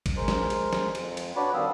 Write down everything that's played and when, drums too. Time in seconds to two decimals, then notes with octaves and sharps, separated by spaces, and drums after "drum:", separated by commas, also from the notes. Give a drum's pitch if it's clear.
0.06 drum: kick G#1, cymbal
0.17 G#3 A#4 C5
0.28 drum: snare
0.50 drum: cymbal
0.73 drum: snare
0.95 F2, drum: cymbal
1.17 drum: cymbal
1.36 D4 F#4 B4 C#5 D5 B5
1.54 D#3 G3 C4 F5 D#6 E6